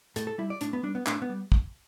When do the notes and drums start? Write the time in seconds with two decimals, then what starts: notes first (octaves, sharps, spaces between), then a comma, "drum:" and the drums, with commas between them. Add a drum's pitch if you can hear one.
0.16 A2 A4, drum: hi-hat
0.27 A4
0.38 G3 E4
0.50 D5
0.61 A2 D4, drum: hi-hat
0.73 B3
0.83 G3 D4
0.95 B3
1.06 A2 D4, drum: clap
1.22 B3
1.29 G3
1.52 drum: kick